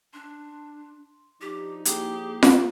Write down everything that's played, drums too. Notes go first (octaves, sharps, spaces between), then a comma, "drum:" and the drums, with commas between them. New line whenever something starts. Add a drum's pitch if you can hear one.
D4 C6
F3 D4 D#4 G4
A#3 E4 G4 G#4, drum: hi-hat
drum: snare F4